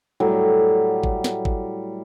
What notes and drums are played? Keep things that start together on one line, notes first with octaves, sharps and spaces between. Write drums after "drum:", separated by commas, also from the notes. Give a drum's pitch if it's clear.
A2 F#3 G3
drum: kick G#1
drum: snare
drum: kick G#1